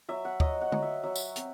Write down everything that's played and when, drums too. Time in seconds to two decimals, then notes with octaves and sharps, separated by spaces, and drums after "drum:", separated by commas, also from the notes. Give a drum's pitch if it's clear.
0.09 F#3 E5
0.25 F#5
0.40 F#3 D#5, drum: kick
0.61 F#5
0.72 F#3, drum: tom D3
0.82 E5
1.03 F#3 E5
1.16 drum: tambourine
1.36 C4, drum: hi-hat